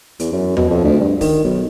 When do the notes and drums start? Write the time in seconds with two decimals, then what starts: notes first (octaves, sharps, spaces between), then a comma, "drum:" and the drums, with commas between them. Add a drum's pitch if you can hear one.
0.19 E2, drum: hi-hat
0.32 F#2
0.57 B2, drum: tom D#2
0.70 F2
0.84 D2
1.01 G2
1.21 D#3, drum: kick, open hi-hat
1.44 B1